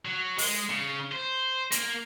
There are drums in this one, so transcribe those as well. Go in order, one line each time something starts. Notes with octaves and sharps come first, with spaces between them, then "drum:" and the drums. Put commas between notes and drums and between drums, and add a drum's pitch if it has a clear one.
F#3
G#3, drum: open hi-hat
C#3
C5
A#3, drum: hi-hat